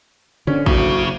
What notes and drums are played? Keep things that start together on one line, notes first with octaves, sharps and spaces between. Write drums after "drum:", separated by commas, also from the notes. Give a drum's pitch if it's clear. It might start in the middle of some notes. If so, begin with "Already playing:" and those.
D3 C#4
F#1 C#3 F#4, drum: kick